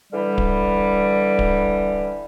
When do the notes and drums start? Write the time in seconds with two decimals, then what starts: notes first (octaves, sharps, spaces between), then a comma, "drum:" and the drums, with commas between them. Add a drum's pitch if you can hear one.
0.12 D3 E3 G3
0.38 drum: kick D1
1.39 drum: kick D1